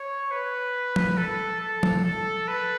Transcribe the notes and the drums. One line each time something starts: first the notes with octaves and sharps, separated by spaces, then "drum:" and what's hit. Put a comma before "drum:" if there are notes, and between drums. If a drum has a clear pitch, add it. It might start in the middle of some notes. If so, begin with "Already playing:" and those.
Already playing: C#5
B4
drum: tom
A4
A4
drum: tom
A4
B4